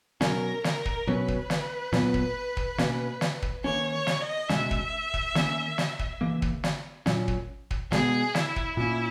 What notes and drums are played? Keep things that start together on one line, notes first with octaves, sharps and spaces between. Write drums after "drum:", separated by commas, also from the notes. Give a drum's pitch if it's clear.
B2 F#3 C#4 A#4, drum: snare
A#4, drum: snare
drum: kick
B2 F#3 C#4 B4
drum: kick
drum: snare
A#2 F#3 B3, drum: snare
drum: kick
drum: kick
B2 A#3 C#4, drum: snare
drum: snare
drum: kick
D#3 A#3 C#4 C#5
C#5
drum: snare
D#5
B2 G#3 C#4 E5, drum: snare
drum: kick
drum: kick
D#3 A#3 C#4, drum: snare
drum: snare
drum: kick
C#3 E3 A#3
drum: kick
drum: snare
A#2 F#3 C#4, drum: snare
drum: kick
drum: kick
B2 G#3 B3 G#4, drum: snare
E4, drum: snare
drum: kick
A#2 A#3 C#4 E4